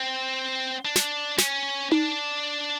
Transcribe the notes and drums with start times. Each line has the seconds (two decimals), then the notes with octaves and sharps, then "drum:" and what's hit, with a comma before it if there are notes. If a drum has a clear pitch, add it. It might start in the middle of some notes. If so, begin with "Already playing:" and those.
Already playing: C4
0.85 D4
0.96 drum: snare
1.38 C#4, drum: snare
1.92 D4, drum: tom D#4